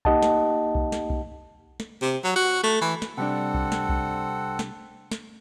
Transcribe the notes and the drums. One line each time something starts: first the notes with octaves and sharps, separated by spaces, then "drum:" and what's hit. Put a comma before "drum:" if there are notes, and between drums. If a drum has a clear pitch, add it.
A#3 D#4 G4 D#5 F#5 A5, drum: kick B1
drum: snare
drum: kick B1
drum: snare
drum: kick B1
drum: snare
C3
F#3
F#4
A3
E3
drum: snare
C3 G3 C4 D4 A4 F#5
drum: kick B1
drum: snare
drum: kick B1
drum: snare
drum: snare